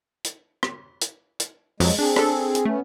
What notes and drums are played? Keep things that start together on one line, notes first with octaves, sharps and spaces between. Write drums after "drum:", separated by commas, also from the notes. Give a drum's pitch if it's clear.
drum: hi-hat
drum: rim click
drum: hi-hat
drum: hi-hat
F2 F3 F#3 G#3, drum: open hi-hat
C4 D4 G#4
D4 A4, drum: rim click
drum: hi-hat
A3 B3 C#4